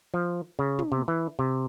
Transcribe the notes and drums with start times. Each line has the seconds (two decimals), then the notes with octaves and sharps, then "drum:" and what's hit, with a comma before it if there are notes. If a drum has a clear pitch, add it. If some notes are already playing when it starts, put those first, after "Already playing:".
0.14 F3
0.59 C#3
0.79 drum: tom
0.92 C3
1.08 E3
1.39 C3